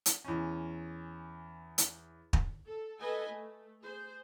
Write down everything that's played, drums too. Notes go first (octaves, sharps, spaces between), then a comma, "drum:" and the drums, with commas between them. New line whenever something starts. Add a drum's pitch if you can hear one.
drum: hi-hat
E2 C#4
drum: hi-hat
drum: kick
A4
A4 B4 D#5 G#5
A3
G#4 C5